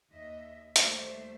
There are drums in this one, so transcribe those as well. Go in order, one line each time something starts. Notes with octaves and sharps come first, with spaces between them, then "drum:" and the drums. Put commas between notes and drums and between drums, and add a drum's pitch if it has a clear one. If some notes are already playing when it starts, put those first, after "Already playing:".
D#2 D#5 E5
D#2 G3 A3 C5 E5, drum: hi-hat